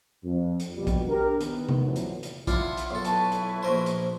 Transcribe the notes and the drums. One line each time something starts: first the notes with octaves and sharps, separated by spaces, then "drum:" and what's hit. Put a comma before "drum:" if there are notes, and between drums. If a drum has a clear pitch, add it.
F2
drum: hi-hat
A#1 B2 G3
drum: kick, hi-hat
D4 G4 A#4
D#3 B3, drum: hi-hat
drum: tom C3
A#1 F2 D3 E3 F#3
drum: hi-hat
drum: hi-hat
D4 E4 F4 E5 F#5 C6, drum: kick, hi-hat
drum: hi-hat
B1 A4
E4 B4 A5 C#6, drum: hi-hat
drum: hi-hat
A#1 A#4 C5
drum: hi-hat